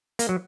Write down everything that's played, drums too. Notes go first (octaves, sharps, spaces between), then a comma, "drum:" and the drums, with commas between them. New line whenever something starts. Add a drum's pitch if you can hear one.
A#3, drum: hi-hat
F#3